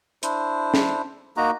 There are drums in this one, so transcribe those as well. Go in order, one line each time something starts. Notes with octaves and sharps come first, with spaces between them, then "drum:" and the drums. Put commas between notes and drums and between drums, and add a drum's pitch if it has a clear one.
D4 E4 C5, drum: hi-hat
drum: snare
A#3 D#4 F#4 A#5